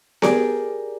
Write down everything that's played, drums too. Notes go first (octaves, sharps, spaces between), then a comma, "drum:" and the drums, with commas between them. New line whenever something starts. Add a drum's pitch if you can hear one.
G4 G#4 A#4 D5 D6, drum: snare B3